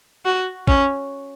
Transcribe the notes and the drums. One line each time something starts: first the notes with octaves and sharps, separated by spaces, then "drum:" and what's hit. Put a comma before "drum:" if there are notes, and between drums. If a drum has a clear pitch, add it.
F#4
C#4, drum: kick A1